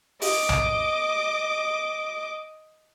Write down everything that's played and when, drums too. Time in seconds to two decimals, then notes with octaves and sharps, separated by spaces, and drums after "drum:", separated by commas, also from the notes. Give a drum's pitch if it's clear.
0.22 D#5 D6, drum: open hi-hat
0.49 drum: tom A#1